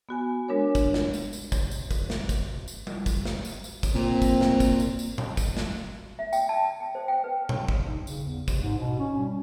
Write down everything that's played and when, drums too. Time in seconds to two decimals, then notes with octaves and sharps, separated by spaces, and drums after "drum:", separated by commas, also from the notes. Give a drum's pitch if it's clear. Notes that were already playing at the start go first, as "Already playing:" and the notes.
0.09 B3 F#4 G#5
0.48 G#3 D4 A#4 C#5
0.75 drum: kick, tambourine
0.94 drum: snare
1.14 drum: tambourine
1.33 drum: tambourine
1.52 drum: kick, tambourine
1.71 drum: tambourine
1.91 drum: kick, tambourine
2.10 drum: snare
2.29 drum: kick, tambourine
2.68 drum: tambourine
2.87 drum: tom G3
3.06 drum: kick, tambourine
3.25 drum: snare
3.45 drum: tambourine
3.64 drum: tambourine
3.83 drum: kick, tambourine
3.95 A#2 C4
4.22 drum: kick, tambourine
4.41 drum: snare
4.60 drum: kick, tambourine
4.80 drum: tambourine
4.99 drum: tambourine
5.18 drum: tom A#2
5.37 drum: kick, tambourine
5.57 drum: snare
6.19 E5
6.33 G5, drum: tambourine
6.49 A5
6.80 G5
6.95 C5
7.08 G5
7.24 B4
7.49 drum: tom A#2
7.69 drum: kick
7.85 D#4
8.07 C#3, drum: tambourine
8.23 E2
8.48 C3, drum: kick, tambourine
8.61 G#2
8.79 B2
8.99 C#4
9.19 G3